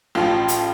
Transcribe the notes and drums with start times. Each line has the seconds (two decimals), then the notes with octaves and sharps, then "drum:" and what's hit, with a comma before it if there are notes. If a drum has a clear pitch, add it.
0.15 A1 A2 F3 F4
0.48 drum: hi-hat